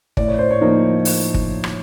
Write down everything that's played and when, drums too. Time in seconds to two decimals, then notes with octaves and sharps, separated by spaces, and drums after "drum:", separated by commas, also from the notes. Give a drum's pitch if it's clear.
0.17 A2 D5, drum: kick G1
0.28 C#5
0.38 C5
0.51 C#5
0.61 F3 A#3 D#4
1.05 drum: open hi-hat
1.34 drum: kick G1
1.64 drum: rim click